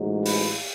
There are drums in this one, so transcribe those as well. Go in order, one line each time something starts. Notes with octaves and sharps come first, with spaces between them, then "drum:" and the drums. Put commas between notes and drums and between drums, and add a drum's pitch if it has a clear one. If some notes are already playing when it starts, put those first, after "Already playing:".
Already playing: A1 G#2 F#3
B4, drum: open hi-hat